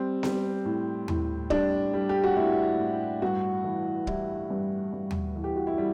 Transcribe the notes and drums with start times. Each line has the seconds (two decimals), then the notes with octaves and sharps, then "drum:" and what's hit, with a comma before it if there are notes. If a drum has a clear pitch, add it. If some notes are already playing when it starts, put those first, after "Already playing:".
Already playing: G3 C4
0.23 G3, drum: snare B3
0.65 A2
1.08 A2, drum: tom
1.50 G3 D4, drum: kick
1.94 G3
2.09 G4
2.24 F#4
2.36 A2 E4
2.79 A2
3.22 G2 F#4
3.64 E3
4.07 G3 E4, drum: kick
4.50 G2
4.93 G2
5.11 drum: tom
5.36 E3
5.44 G4
5.56 F#4
5.67 E4
5.78 G3